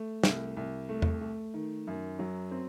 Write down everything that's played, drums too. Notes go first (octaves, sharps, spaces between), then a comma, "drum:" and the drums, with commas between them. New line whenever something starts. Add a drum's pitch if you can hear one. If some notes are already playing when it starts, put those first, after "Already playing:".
Already playing: A3
C2, drum: snare
C2
A3
drum: tom E2
A3
D#3
F#2
F#3
C4